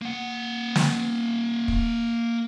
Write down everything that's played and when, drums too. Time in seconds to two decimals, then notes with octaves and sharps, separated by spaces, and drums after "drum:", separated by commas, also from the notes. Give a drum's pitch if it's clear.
0.02 A#3 F#5
0.76 drum: snare
1.68 drum: kick